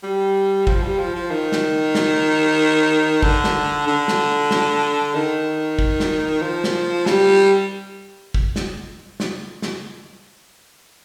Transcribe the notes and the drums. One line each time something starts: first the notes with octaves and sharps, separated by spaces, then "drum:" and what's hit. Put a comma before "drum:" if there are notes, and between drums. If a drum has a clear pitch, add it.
G3
F3, drum: kick
G3
F3
F3
D#3
drum: snare
drum: snare
D3, drum: kick
drum: snare
D3
drum: snare
drum: snare
D#3
drum: kick
drum: snare
F3
drum: snare
G3, drum: snare
drum: kick
drum: snare
drum: snare
drum: snare